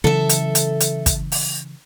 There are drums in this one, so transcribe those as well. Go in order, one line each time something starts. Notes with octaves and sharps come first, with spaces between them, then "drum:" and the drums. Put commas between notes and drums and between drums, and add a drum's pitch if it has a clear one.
C#3 E3 F#3 A4 E5
drum: hi-hat
drum: hi-hat
drum: hi-hat
drum: kick, hi-hat
drum: open hi-hat